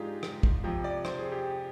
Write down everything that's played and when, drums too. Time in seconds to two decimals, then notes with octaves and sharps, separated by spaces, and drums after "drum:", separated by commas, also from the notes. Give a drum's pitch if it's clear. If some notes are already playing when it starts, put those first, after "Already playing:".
Already playing: G#2 F3 D4 D#4 F4 G4 G#4
0.23 drum: rim click
0.43 drum: kick
0.64 F2 C3 F3
0.84 D5
1.05 C5, drum: rim click
1.18 G#4
1.32 G4